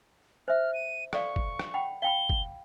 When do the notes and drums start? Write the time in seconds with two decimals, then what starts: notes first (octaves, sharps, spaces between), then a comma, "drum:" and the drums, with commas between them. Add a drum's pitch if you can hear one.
0.48 C5 E5 F6
0.74 D#7
1.13 A4 D5 F5 C#6, drum: rim click
1.36 drum: kick
1.59 drum: rim click
1.74 F#5 G5 B5
2.02 F5 G5 B5 G7
2.30 drum: kick